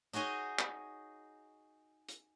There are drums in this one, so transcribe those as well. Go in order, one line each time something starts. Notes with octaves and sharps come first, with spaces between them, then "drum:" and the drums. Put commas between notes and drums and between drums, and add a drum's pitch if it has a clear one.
D#4 F#4 G#4 C#5 D#5
drum: clap
drum: hi-hat